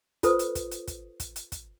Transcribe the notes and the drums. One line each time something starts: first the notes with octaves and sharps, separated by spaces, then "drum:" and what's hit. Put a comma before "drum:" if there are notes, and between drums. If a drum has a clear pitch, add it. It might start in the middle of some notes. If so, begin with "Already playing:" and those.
F4 A4 B4 C5 D#6, drum: kick, hi-hat
drum: hi-hat
drum: kick, hi-hat
drum: hi-hat
drum: kick, hi-hat
drum: kick, hi-hat
drum: hi-hat
drum: kick, hi-hat